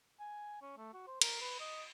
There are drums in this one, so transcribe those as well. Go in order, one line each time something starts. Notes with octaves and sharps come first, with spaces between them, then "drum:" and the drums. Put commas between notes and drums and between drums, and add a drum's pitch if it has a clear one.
G#5
C#4
A3
F#4
C5
A#4, drum: cymbal
B4
D#5